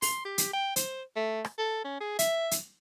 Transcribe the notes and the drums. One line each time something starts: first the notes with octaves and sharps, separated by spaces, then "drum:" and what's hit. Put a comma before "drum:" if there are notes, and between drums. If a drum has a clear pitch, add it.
C6, drum: open hi-hat
G4
drum: hi-hat
G5
C5, drum: hi-hat
A3
drum: rim click
A4
C#4
G#4
E5, drum: hi-hat
drum: hi-hat